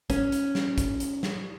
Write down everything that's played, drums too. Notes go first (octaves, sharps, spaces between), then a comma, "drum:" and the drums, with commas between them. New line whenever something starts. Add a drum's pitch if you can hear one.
C#4, drum: kick, hi-hat
drum: hi-hat
drum: snare
drum: kick, hi-hat
drum: hi-hat
drum: snare